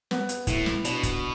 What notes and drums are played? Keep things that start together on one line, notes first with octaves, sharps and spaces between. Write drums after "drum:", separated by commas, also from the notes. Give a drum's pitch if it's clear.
B3, drum: snare
drum: hi-hat
A2 E4, drum: kick, hi-hat
drum: snare
B2 D4, drum: hi-hat
drum: kick, hi-hat